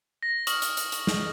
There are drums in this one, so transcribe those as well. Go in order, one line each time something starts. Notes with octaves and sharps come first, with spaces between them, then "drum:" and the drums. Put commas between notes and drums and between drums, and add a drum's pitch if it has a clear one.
A#6
C#6 D#6 F6 F#7, drum: hi-hat
drum: hi-hat
drum: hi-hat
drum: hi-hat
drum: snare